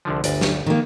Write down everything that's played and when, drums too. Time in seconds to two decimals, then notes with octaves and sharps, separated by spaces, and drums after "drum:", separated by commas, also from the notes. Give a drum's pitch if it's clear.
0.05 C2 D3 F3
0.24 G1 D2 D5, drum: hi-hat
0.41 drum: snare
0.66 D#3 A#3